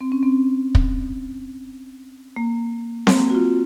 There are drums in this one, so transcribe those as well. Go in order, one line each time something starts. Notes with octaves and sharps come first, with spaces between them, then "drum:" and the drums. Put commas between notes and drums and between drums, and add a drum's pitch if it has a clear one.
C4
C#4
C4
drum: kick
A#3
C4, drum: snare C4
A#3
F#4
F4